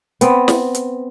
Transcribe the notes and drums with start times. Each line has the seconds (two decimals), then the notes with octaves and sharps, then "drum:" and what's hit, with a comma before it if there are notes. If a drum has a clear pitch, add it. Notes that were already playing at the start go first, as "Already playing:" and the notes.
0.21 B3 C4, drum: hi-hat
0.48 drum: snare
0.74 drum: hi-hat